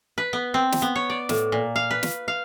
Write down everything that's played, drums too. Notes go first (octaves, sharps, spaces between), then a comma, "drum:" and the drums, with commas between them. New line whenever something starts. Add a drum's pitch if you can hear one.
B4
B3
C4
drum: snare
B3
C#5
D5
A2, drum: snare
A#2
F5
B4
drum: snare
F5